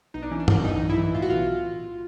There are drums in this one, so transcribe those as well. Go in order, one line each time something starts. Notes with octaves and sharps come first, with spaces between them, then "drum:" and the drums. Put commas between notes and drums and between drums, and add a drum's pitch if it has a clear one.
B1 D#4
D4
E3 C#4
D4
A2, drum: tom G2
B1 D#4
B1
E4
E3
A2 F4
F#4
B1 F4